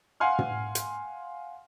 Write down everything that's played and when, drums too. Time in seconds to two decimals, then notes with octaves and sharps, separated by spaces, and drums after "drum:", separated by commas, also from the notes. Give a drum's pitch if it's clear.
0.20 F5 F#5 G#5 C6 F6
0.39 drum: tom
0.75 drum: hi-hat